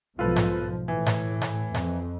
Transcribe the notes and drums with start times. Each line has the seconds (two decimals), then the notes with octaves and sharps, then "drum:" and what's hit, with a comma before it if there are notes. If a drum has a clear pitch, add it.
0.19 B1 G#2 F3 F4 A4 B4
0.36 drum: snare G#2
0.88 A2 E3
1.07 drum: snare G#2
1.42 drum: snare G#2
1.75 F2, drum: snare G#2